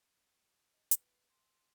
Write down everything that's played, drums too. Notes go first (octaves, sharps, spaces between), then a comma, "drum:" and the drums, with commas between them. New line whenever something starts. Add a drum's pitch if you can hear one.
D#5
B4, drum: hi-hat
C6